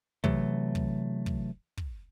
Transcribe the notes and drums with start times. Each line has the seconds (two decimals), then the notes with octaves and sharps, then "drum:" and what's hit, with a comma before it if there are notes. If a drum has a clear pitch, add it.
0.24 C3 E3 F#3 A3, drum: kick
0.75 drum: kick
1.26 drum: kick
1.77 drum: kick